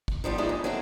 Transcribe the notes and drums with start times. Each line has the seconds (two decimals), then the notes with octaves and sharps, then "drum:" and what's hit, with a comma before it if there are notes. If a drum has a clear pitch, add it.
0.08 drum: kick
0.24 D#3 F3 G3 B3
0.38 F#3 G#3 D#4 E4 G#4 D5
0.49 G2
0.64 F#3 G#3 C4 E4 A4